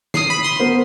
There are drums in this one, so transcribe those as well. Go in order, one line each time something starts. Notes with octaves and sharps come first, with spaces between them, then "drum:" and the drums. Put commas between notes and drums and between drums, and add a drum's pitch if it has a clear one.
D#6 C7, drum: snare
B5
C6 D#6
B3 A#4 C5